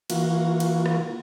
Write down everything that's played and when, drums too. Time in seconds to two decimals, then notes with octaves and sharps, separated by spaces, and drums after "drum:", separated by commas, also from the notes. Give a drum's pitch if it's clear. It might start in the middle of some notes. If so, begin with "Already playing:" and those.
0.10 E3 A#3 F4 F#4, drum: cymbal
0.60 drum: cymbal
0.86 drum: rim click